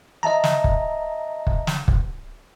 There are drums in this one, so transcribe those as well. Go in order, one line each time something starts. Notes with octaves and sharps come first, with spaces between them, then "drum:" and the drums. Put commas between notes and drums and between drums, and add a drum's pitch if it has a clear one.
D#5 E5 A5 A#5
drum: snare
drum: kick
drum: kick
drum: snare
drum: kick